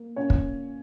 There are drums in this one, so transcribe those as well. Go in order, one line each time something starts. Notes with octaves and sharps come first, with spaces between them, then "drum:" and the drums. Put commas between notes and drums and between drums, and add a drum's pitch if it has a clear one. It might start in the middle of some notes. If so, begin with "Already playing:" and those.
Already playing: A#3
A#2 C#4 C#5
drum: kick